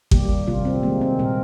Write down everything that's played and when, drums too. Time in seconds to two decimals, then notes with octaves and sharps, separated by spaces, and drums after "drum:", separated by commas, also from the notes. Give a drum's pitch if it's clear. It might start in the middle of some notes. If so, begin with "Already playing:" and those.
0.11 D#3 G3 A#3 G4, drum: kick G#1
0.47 C3 G3 A#3 F4
0.65 C4
0.83 D#3 G#3 A#3
1.01 C4
1.19 A#2 G3 A#3 A#4